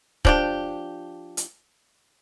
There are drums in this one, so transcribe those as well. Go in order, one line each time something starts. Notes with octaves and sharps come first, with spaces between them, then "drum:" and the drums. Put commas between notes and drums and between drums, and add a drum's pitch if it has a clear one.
F3 D4 G4, drum: kick
drum: hi-hat